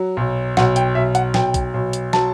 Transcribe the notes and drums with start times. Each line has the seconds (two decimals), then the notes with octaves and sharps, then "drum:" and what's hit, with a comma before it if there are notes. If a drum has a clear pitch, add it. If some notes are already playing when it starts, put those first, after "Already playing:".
Already playing: F#3
0.17 B1
0.57 B1 F#5, drum: snare
0.76 G5, drum: hi-hat
0.95 B1 E5
1.15 F#5, drum: hi-hat
1.34 B1 G5, drum: snare
1.54 drum: kick A#1, hi-hat
1.74 B1
1.93 drum: hi-hat
2.13 F#3 A5, drum: snare